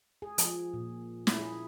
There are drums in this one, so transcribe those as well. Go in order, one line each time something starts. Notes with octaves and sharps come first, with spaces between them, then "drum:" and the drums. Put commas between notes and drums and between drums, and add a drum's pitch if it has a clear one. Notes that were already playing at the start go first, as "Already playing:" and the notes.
G#4
F3, drum: hi-hat
A#2
E4, drum: snare
G#4